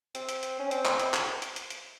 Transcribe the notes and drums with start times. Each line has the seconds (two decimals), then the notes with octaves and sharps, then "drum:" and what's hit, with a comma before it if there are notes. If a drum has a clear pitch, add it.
0.15 C4, drum: hi-hat
0.29 drum: hi-hat
0.43 drum: hi-hat
0.60 C#4
0.71 C4, drum: hi-hat
0.85 drum: clap
1.00 drum: hi-hat
1.14 drum: clap
1.42 drum: hi-hat
1.56 drum: hi-hat
1.70 drum: hi-hat